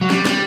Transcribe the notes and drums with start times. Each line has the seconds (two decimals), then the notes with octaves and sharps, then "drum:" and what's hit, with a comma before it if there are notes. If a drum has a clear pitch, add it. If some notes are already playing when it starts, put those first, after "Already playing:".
0.01 F#3
0.10 G3, drum: snare
0.25 G3, drum: snare